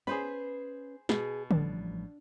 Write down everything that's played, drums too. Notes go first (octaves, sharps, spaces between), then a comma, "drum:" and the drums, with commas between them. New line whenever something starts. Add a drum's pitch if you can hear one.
C#4 G#4 B4 C5 B5
B2 G#4, drum: snare
A1 F3 G3 D4, drum: tom D3